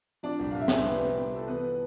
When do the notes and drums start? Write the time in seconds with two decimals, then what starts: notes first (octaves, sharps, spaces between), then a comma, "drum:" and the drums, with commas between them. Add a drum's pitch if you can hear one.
0.23 F3 D4 D5
0.39 C2
0.51 F5
0.55 C2 E5
0.68 C2 D5, drum: snare
0.77 C5
0.86 C3 B3 B4
1.02 C2
1.17 C2
1.33 F3 A4
1.48 E3 B3 B4